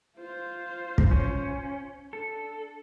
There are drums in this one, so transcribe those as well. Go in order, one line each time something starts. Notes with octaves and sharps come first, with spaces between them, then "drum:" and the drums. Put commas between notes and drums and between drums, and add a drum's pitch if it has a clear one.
F4 C5
drum: kick
C#4
D4 A4